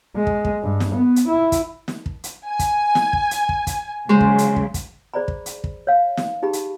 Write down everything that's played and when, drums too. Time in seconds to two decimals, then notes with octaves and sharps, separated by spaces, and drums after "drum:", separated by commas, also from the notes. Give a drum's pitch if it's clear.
0.16 G#3
0.27 drum: kick
0.45 drum: kick
0.62 G2
0.80 drum: snare
0.95 B3
1.16 drum: hi-hat
1.28 E4
1.52 drum: kick, hi-hat
1.88 drum: snare
2.06 drum: kick
2.24 drum: hi-hat
2.48 G#5
2.59 drum: kick, hi-hat
2.95 drum: snare
3.13 drum: kick
3.31 drum: hi-hat
3.49 drum: kick
3.67 drum: kick, hi-hat
4.09 C#3 F#3 G#3 C5
4.20 drum: kick
4.38 drum: hi-hat
4.56 drum: kick
4.74 drum: kick, hi-hat
5.14 G#4 C5 D5 A#5 B5
5.28 drum: kick
5.46 drum: hi-hat
5.64 drum: kick
5.87 C#5 F5
6.17 drum: snare
6.43 D#4 G4 G#4 B5
6.53 drum: hi-hat